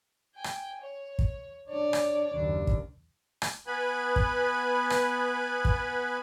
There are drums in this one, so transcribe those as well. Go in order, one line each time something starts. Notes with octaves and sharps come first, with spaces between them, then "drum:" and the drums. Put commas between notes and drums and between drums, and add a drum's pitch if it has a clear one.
G5 G#5
drum: rim click
C#5
drum: kick
D4 C#5 D5
drum: rim click
F#1 D#2 D4
drum: kick
drum: rim click
B3 B4 G#5 B5
drum: kick
drum: rim click
drum: kick